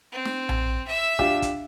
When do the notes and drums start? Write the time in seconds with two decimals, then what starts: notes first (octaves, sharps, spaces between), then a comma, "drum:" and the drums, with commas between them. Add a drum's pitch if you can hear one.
0.12 C4
0.25 drum: snare
0.49 drum: tom A#1
0.88 E5 E6
1.19 D4 F4 G4, drum: kick
1.42 drum: kick, hi-hat